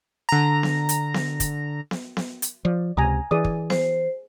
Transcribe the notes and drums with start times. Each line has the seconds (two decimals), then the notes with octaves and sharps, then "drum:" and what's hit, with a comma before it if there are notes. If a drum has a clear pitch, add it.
0.29 D3 A#5
0.63 drum: snare B3
0.89 drum: hi-hat
1.14 drum: snare B3
1.40 drum: kick, hi-hat
1.91 drum: snare B3
2.17 drum: snare B3
2.42 drum: hi-hat
2.65 F3 D5
2.97 C#2 C3 G#5 A#5 D#6
3.31 E3 G#4 D5 D#6
3.44 drum: kick
3.70 C5, drum: snare B3